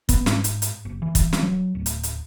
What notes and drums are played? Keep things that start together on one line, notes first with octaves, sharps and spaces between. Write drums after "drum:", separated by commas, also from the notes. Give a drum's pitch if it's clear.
B3, drum: kick, hi-hat
G#2, drum: snare
drum: hi-hat
drum: hi-hat
F#1
E3
drum: kick, hi-hat
drum: snare
F#3
D1
drum: hi-hat
drum: hi-hat